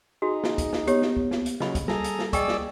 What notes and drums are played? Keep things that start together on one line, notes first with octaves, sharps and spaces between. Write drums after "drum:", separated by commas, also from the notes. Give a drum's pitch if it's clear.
D#4 F#4 G#4
drum: snare
drum: kick, hi-hat
drum: snare
B3 G4 C#5, drum: hi-hat
drum: snare
drum: kick
drum: snare
drum: hi-hat
C#3 F#3 D#5 B5, drum: snare
drum: kick, hi-hat
G3 G#4 A4 A#5, drum: snare
drum: hi-hat
drum: snare
G#4 D5 D#5 G5 C#6 E6, drum: kick, hi-hat
drum: snare